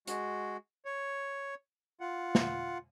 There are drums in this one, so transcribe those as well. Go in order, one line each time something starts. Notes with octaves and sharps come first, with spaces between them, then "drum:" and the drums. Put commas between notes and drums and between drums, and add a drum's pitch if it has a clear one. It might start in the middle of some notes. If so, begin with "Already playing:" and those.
G#3 F#4, drum: hi-hat
C#5
F4 F#5
drum: snare